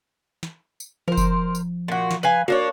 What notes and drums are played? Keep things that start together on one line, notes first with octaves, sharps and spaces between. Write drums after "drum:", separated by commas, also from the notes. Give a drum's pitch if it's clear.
drum: snare
drum: tambourine
F3 A#4 C5
drum: kick F#1, tambourine
drum: tambourine
A#2 F#4
drum: snare
B4 F5 G#5
A#3 D4 F#4 C#5